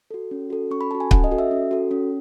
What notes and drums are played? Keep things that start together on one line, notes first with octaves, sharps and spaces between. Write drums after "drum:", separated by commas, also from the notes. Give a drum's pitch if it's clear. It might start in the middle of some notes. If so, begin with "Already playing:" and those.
F#4 A4
C#4
F#4 A4
C#4 C#6
B5
F#4 A4 A5
G#5
C#4 F#5, drum: kick C#1
D#5
F#4 A4
E5
C#4
F#4 A4
C#4